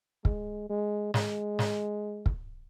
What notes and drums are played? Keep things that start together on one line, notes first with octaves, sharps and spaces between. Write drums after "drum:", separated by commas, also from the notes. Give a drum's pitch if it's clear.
G#3, drum: kick
G#3
G#3, drum: snare
drum: snare
drum: kick